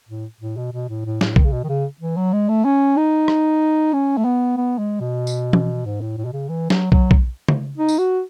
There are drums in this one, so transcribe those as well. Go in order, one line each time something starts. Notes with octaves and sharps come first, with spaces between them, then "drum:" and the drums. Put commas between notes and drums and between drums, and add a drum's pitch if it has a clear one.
A2
A2
B2
B2
A2
A2
A2, drum: snare
D#3, drum: kick
C#3
B2
D#3
C#3
E3
F#3
G#3
A3
C#4
D#4
drum: rim click
C#4
A3
B3
B3
G#3
B2
drum: tambourine
drum: tom E3
G#2
A2
A2
B2
C#3
E3
F#3, drum: snare
F#3, drum: kick
drum: kick
drum: tom C#3
D#4
drum: tambourine
F#4